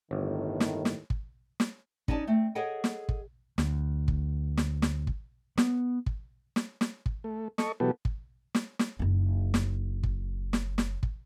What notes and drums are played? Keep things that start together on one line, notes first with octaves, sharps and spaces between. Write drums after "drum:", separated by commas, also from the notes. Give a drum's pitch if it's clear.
G1 D#2 A2 D#3
drum: snare
drum: snare
drum: kick
drum: snare
C#4 D#4 D5 G#5 A5, drum: kick
A3 C4
G#4 A4 C#5 D#5 F#5 G5
drum: snare
drum: kick
D2, drum: snare
drum: kick
drum: snare
drum: snare
drum: kick
B3, drum: snare
drum: kick
drum: snare
drum: snare
drum: kick
A3
A4 D#5 C#6, drum: snare
B2 E3 F#3 B3 G4 A4
drum: kick
drum: snare
drum: snare
F#1 D#4
drum: snare
drum: kick
drum: snare
drum: snare
drum: kick